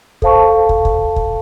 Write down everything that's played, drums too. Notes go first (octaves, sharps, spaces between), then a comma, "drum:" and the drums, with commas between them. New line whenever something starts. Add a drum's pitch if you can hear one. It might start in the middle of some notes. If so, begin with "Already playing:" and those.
A4 C5 F5 A5 C#6, drum: kick
drum: kick
drum: kick
drum: kick